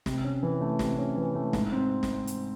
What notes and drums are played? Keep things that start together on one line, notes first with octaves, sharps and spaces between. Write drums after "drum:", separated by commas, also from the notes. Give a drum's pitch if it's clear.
C3, drum: snare
C#4
E3
A3
C3, drum: snare
C#4
E3
A3
G#2, drum: snare
C4
drum: snare
drum: hi-hat